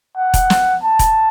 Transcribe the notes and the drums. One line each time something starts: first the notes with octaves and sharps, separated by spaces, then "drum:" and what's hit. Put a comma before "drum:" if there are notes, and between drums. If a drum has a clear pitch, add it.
F#5
drum: kick E1, hi-hat
drum: snare
A5
drum: kick E1, hi-hat